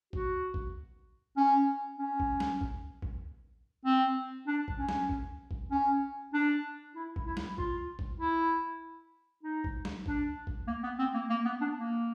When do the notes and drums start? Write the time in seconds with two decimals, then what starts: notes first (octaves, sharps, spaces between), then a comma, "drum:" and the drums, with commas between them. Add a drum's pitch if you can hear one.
0.13 F#4, drum: kick A1
0.54 drum: kick A1
1.37 C#4
1.99 C#4
2.20 drum: kick A1
2.40 drum: snare
2.61 drum: kick A1
3.02 drum: kick A1
3.85 C4
4.47 D4
4.68 drum: kick A1
4.79 C#4
4.89 drum: snare
5.09 drum: kick A1
5.51 drum: kick A1
5.71 C#4
6.34 D4
6.95 E4
7.16 drum: kick A1
7.26 E4
7.37 drum: snare
7.58 F4, drum: kick A1
7.99 drum: kick A1
8.20 E4
9.43 D#4
9.64 drum: kick A1
9.85 drum: snare
10.06 D4, drum: kick A1
10.47 drum: kick A1
10.68 A#3
10.83 B3
10.99 C4
11.14 A#3
11.30 A#3
11.45 B3
11.61 D4
11.76 A#3